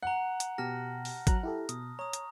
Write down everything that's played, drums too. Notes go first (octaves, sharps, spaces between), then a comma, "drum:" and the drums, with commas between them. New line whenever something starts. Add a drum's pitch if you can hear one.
F#5 A#5 F#6
drum: hi-hat
B2 G4 A5 F6 A#6
drum: open hi-hat
F#3 A#5 F#6, drum: kick, hi-hat
E4 G4 A4
B2 D#6, drum: hi-hat
C#5 A#5 D#6
drum: hi-hat